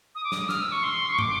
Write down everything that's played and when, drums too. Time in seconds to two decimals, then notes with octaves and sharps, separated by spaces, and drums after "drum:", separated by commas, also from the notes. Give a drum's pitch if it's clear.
0.15 D#6
0.24 D6
0.32 D#6, drum: snare
0.49 F6, drum: snare
0.61 E6
0.72 C#6
0.83 C6
1.12 C#6
1.18 D6, drum: tom